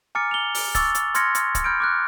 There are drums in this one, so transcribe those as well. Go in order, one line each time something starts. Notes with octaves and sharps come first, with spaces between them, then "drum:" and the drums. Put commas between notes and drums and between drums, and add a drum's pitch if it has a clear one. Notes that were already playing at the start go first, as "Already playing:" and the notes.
G#5 A#5 D6 F6 A6 C#7
F7 G7
drum: open hi-hat
C#6 D6 E6 A6, drum: kick C#1, hi-hat
drum: hi-hat
C6 F6 G#6 A#6 C#7, drum: hi-hat
drum: hi-hat
drum: kick C#1, hi-hat
B5 F6 G6 G#6 D7
D6 F6 F#6